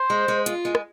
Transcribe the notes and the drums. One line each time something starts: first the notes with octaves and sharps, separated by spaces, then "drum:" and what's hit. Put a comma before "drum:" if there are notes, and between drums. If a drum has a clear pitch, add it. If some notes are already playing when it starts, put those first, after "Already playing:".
Already playing: C5
G#3
G#3
F4, drum: hi-hat
G#3
drum: rim click